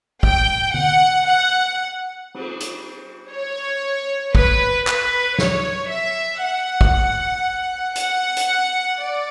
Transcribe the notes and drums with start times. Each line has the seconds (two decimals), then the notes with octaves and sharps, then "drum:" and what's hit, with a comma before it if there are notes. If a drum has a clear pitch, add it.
0.23 G5, drum: kick
0.40 drum: tom A2
0.74 F#5, drum: tom D3
1.26 F#5
2.34 drum: cymbal
2.60 drum: hi-hat
3.32 C#5
4.35 B4, drum: kick
4.87 B4, drum: clap
5.38 C#5, drum: snare
5.90 E5
6.42 F#5
6.81 drum: kick
7.96 F#5, drum: hi-hat
8.37 drum: hi-hat
8.99 D5